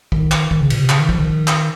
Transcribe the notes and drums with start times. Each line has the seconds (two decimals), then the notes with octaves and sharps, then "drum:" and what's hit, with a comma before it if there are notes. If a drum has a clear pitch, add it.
0.12 D#3, drum: kick
0.31 drum: clap
0.51 D#3, drum: kick
0.60 C#3
0.70 A#2, drum: cymbal
0.80 C3
0.89 C#3, drum: clap
0.99 D#3
1.09 F3, drum: kick
1.19 D#3
1.47 drum: clap